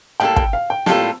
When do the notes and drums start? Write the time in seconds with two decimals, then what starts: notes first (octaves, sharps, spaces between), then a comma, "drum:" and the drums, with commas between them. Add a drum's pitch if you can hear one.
0.20 A2 G3 A#3 F4 A4 G5
0.36 G5, drum: kick
0.53 F5
0.70 G5
0.86 A2 G3 A#3 F4 A4 A5, drum: snare